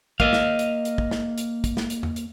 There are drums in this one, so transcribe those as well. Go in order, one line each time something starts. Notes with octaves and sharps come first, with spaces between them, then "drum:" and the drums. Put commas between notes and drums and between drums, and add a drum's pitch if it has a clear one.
A#3 D#5 F5, drum: kick
drum: snare
drum: hi-hat
drum: hi-hat
drum: kick
drum: snare
drum: hi-hat
drum: kick, hi-hat
drum: snare
drum: hi-hat
drum: tom E2
drum: hi-hat